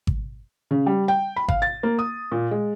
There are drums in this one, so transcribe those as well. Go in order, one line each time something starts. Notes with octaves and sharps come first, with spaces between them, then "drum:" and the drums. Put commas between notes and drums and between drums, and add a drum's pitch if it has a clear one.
drum: kick G#1
C#3
G3
G5
B5
F5, drum: kick G#1
A6
A#3
D#6
A#2
G#3